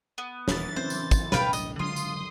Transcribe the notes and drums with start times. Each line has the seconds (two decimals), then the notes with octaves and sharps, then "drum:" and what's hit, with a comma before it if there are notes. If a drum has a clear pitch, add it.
0.18 B3
0.48 D#1 E3 A6, drum: snare
0.76 C4 C#4 C5
0.90 drum: tambourine
1.11 drum: kick, tambourine
1.32 A1 D2 B2 B4 F5 G5, drum: snare
1.53 D#5, drum: tambourine
1.79 D3 F#3 G#3 F4 C6 D#6
1.96 drum: tambourine